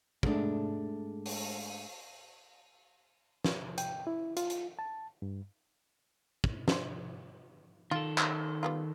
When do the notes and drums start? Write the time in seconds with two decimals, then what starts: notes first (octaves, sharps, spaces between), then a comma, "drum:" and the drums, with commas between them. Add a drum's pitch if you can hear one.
0.23 G#2 G#3 A3 D4, drum: kick
1.26 drum: open hi-hat
3.44 drum: snare
3.78 G5, drum: hi-hat
4.07 E4
4.37 F4, drum: hi-hat
4.50 drum: hi-hat
4.79 A5
5.22 G2
6.44 drum: kick
6.68 D4 C5, drum: snare
7.91 D#3 F4 A4
8.18 drum: clap
8.63 G3 B3 F4